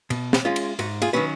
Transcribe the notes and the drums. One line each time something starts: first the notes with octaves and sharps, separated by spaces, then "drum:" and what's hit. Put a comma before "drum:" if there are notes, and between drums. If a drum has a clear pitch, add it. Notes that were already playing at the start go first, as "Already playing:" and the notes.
B2, drum: cymbal
drum: snare
G#3 C#4 F4
drum: cymbal
G#2 F#4, drum: cymbal
F4 G#4, drum: cymbal
D#3 F#3 C#4 B4